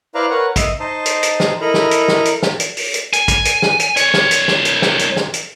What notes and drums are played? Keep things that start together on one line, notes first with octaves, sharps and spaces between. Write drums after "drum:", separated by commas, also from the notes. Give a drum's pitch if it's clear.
E4 B4 C5 D5 F5 A#5
A#4 B4 C#5 F#5
D#5 E5, drum: kick, hi-hat
D#4 C5 D#5 A5
drum: hi-hat
drum: hi-hat
drum: snare
E4 A4 A#4 D#5 A#5 B5
drum: snare
drum: hi-hat
drum: snare
drum: hi-hat
drum: snare
drum: hi-hat
drum: open hi-hat
drum: hi-hat
G#5, drum: hi-hat
drum: kick, hi-hat
drum: hi-hat
drum: snare
drum: hi-hat
C2 C#5, drum: hi-hat
drum: snare
drum: hi-hat
drum: snare
drum: hi-hat
drum: snare
drum: hi-hat
drum: snare
drum: hi-hat